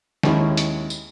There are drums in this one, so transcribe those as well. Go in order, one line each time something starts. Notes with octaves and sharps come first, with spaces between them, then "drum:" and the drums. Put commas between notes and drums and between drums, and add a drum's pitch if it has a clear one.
D#2 D#3 G#3 C#4 E4, drum: snare
drum: hi-hat
drum: tambourine